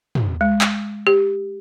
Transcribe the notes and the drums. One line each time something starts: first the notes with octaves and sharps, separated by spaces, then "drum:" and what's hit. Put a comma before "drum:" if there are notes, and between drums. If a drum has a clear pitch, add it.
drum: tom
G#3
drum: clap
G4